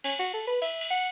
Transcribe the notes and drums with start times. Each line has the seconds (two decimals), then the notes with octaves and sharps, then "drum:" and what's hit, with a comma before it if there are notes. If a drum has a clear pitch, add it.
0.04 C#4, drum: cymbal
0.19 F#4
0.33 A4
0.48 B4
0.62 E5, drum: cymbal
0.81 drum: cymbal
0.91 F#5